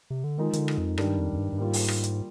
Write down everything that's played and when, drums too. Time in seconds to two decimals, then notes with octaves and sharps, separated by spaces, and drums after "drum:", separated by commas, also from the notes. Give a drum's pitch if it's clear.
0.10 C3
0.24 D3
0.38 D#3 F3 G#3 D#4 A#4
0.53 D#3, drum: hi-hat
0.58 D3
0.68 drum: rim click
0.78 F2
0.98 G2 D#3 G3 D4 G4 A#4, drum: rim click
1.18 F2
1.33 F2
1.38 G2
1.53 G2
1.58 G#2 G3 A#3 F4
1.73 drum: open hi-hat
1.88 drum: rim click
2.03 drum: hi-hat